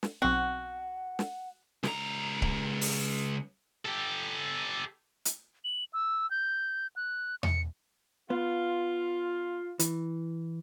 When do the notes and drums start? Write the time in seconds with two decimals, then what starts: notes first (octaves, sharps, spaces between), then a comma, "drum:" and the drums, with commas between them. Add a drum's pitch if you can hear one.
0.03 drum: snare
0.22 B1 C4 F#4 F#5
1.19 drum: snare
1.83 C#2 A#5, drum: snare
2.42 drum: kick C#1
2.81 drum: open hi-hat
3.85 G4 A4
5.25 drum: hi-hat
5.64 F#7
5.93 E6
6.31 G6
6.96 F#6
7.43 C#7, drum: tom E2
8.30 B3 F4
9.79 E3, drum: hi-hat